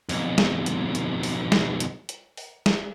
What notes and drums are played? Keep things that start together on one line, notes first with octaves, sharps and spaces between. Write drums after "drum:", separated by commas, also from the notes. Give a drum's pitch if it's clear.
B1 F2, drum: open hi-hat
drum: snare
drum: hi-hat
drum: hi-hat
drum: open hi-hat
drum: snare
drum: hi-hat
drum: hi-hat
drum: open hi-hat
drum: snare